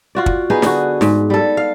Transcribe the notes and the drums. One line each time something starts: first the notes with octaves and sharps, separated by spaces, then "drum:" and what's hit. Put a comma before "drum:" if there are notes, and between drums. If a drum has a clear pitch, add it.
F4 F#4 D5
drum: kick
B3 D#4 G#4
D3 F#4, drum: snare
G#2, drum: snare
G3 A4
F5